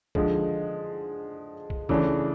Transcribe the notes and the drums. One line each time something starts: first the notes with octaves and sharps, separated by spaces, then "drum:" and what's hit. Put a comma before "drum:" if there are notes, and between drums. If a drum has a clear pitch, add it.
D3 F3 G#3, drum: kick
drum: kick
C#3 E3 A3 D4, drum: kick